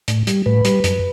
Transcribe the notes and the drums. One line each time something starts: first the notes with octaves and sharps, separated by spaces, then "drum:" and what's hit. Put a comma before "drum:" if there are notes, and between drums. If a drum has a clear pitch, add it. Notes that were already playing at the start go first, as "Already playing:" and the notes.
A2, drum: hi-hat
G3, drum: hi-hat
A2 B4
G3, drum: hi-hat
F#2, drum: hi-hat